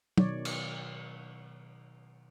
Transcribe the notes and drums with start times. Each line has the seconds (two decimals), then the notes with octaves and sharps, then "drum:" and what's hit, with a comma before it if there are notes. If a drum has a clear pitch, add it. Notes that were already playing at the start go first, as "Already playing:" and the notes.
0.18 B2 D#3 F#3 C#5 D5, drum: tom
0.45 drum: cymbal